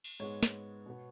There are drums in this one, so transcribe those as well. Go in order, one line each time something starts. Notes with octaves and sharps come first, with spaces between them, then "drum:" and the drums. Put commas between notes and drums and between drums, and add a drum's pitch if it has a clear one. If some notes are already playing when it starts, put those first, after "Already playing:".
drum: cymbal
G#2 G#3 B3 C#5
drum: snare
B2 B3